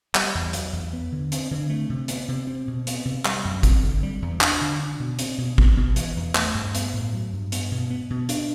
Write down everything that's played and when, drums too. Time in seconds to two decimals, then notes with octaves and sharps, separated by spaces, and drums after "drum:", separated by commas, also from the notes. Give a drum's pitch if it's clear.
0.15 G3, drum: clap
0.35 E2
0.53 F#3, drum: hi-hat
0.73 E2
0.93 B3
1.12 D3
1.32 C4, drum: hi-hat
1.51 D3
1.70 A3
1.90 C3
2.08 B3, drum: hi-hat
2.28 C3
2.47 C4
2.68 B2
2.87 B3, drum: hi-hat
3.05 C3
3.25 G3, drum: clap
3.45 F#2
3.63 C4, drum: kick G#1, hi-hat
3.83 D3
4.03 G3
4.22 E2
4.41 D4, drum: clap
4.61 D3
4.80 D4
5.00 B2
5.19 C4, drum: hi-hat
5.38 B2
5.58 B3, drum: kick G#1
5.77 B2
5.96 E3, drum: hi-hat
6.16 E2
6.35 A3, drum: clap
6.55 G2
6.75 B3, drum: hi-hat
6.93 A2
7.13 F#3
7.33 G2
7.52 B3, drum: hi-hat
7.72 B2
7.90 B3
8.10 B2
8.29 D4, drum: hi-hat